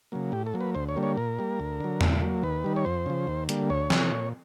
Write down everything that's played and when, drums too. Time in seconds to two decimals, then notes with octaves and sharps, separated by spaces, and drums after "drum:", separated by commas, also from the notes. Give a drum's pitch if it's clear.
0.12 C#3 F#3 A#3
0.32 A2 G4
0.46 A4
0.54 F#3 A#3
0.61 B4
0.75 D2 C5
0.89 C#5
0.96 D3 G3 A#3
1.03 C#5
1.17 A#2 A#4
1.39 G3 A#3
1.60 D2
1.80 D3 F#3
2.01 A#2, drum: tom E2
2.22 F#3 A#3
2.43 D#2 B4
2.64 D#3 G3
2.76 C#5
2.85 F2 C5
3.06 C#3 F3
3.27 D#2
3.49 D3 G3 A#3, drum: hi-hat
3.70 D2 C#5
3.90 C3, drum: snare
3.96 E3
4.12 A#2